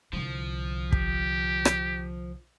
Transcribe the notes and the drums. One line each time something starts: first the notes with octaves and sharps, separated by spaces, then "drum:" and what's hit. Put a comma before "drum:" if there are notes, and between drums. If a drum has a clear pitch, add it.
C2 D3 F3
G4, drum: kick
drum: rim click